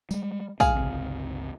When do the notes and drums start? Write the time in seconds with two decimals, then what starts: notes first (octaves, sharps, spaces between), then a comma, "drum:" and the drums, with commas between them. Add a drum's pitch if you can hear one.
0.11 G3 G#3, drum: tambourine
0.60 A2 G#4 F5, drum: kick, tambourine
0.75 G1 C#2 C3